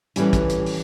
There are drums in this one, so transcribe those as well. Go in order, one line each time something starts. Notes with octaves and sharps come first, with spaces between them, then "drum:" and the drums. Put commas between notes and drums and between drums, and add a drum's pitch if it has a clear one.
A2 E3 G3 C#4 E4, drum: hi-hat
drum: kick, hi-hat
drum: hi-hat
drum: open hi-hat